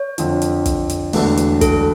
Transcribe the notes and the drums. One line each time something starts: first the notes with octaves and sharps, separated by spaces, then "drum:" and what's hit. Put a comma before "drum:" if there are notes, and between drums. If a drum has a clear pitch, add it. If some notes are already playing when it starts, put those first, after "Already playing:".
Already playing: C#5
F2 D3 F3, drum: hi-hat
drum: hi-hat
drum: kick, hi-hat
drum: hi-hat
E1 E2 D3 A3 D4, drum: open hi-hat
drum: hi-hat
A4, drum: kick, hi-hat